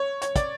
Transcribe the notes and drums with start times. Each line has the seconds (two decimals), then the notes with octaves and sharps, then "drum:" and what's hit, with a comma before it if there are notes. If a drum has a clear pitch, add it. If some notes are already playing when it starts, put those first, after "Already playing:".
Already playing: C#5
0.22 C#5, drum: hi-hat
0.36 D5, drum: kick, hi-hat